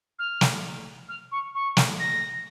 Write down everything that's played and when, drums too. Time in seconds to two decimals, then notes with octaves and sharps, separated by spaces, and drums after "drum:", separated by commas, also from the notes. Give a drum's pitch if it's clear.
0.19 F6
0.41 drum: snare
1.09 F6
1.31 C#6
1.55 C#6
1.77 drum: snare
1.99 A#6